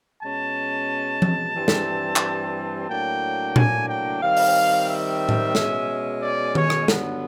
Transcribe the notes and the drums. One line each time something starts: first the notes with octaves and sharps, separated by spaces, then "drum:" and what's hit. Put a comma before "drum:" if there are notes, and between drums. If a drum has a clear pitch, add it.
B2 G#3 C#4 A5
drum: tom F3
G2 E3 G3 C4
drum: snare
drum: clap
A2 F#3 A#3 D4 G5
G#5, drum: tom A#2
G5
D#3 G3 C4 F5
drum: open hi-hat
E5
drum: tom A2
B2 G#3 C#4, drum: snare
D5
C#5, drum: tom D#3
drum: rim click
G2 D3 F#3 B3, drum: snare